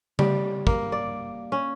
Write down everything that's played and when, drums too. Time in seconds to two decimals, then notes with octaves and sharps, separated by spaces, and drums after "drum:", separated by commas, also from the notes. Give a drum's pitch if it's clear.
0.19 G3, drum: tom C#3
0.67 A#3, drum: kick
0.92 D5
1.52 C#4